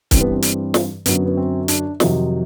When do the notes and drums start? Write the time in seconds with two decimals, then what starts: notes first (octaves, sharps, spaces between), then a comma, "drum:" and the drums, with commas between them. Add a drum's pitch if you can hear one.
0.11 G2 E3 G3 C4, drum: kick, hi-hat
0.21 B3
0.32 C4
0.42 drum: hi-hat
0.74 drum: snare
1.06 F#2 D3 F#3 B3, drum: hi-hat
1.26 B3
1.37 C4
1.68 D4, drum: hi-hat
2.00 F2 C3 D#3 F#3 D#4, drum: snare